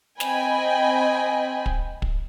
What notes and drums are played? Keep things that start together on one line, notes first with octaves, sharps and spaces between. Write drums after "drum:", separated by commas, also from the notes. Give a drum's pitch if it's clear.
C4 D#5 G5 G#5 B5, drum: snare
drum: kick
drum: kick